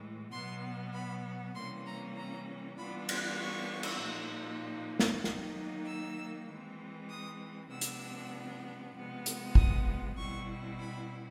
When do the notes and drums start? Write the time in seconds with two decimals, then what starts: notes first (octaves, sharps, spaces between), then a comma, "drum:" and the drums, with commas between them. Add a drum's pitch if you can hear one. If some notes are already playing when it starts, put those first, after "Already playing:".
Already playing: A2 E3 G#3
0.32 B2 F#3 B3 C6
0.93 B5
1.55 C3 E3 G3 A#3 C#4 C6
1.86 A#5
2.16 A#5
2.78 E3 G3 B3 D4 F4 B5
3.09 C6, drum: cymbal
3.40 C#6
3.83 drum: cymbal
4.01 A#2 F3 A#3 D#4
4.99 drum: snare
5.24 D#3 F#3 A#3 D#4, drum: snare
5.86 E6
6.48 E3 G#3 C4
7.09 D#6
7.71 C3 F3 G#3 B3 D4 E6
7.81 drum: hi-hat
8.94 C3 F3 G#3 B3
9.26 drum: hi-hat
9.55 D#6, drum: kick
10.17 B2 G3 C4 E4 C#6
10.79 B5